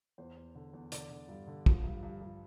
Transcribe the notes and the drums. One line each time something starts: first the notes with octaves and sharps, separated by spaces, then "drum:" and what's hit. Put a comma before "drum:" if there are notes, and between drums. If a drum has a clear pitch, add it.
E2 C5
E2
D3
E2
D3 D5, drum: hi-hat
D3
G2
D3
F3, drum: kick
G2
G2
G2